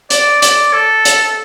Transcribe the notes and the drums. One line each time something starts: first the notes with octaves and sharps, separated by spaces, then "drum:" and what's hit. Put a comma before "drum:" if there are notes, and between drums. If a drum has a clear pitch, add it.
D5, drum: hi-hat
D5, drum: hi-hat
A4
drum: hi-hat